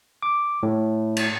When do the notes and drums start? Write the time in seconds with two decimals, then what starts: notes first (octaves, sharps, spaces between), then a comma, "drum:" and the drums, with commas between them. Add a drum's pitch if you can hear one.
0.23 D6
0.63 A2
1.17 drum: cymbal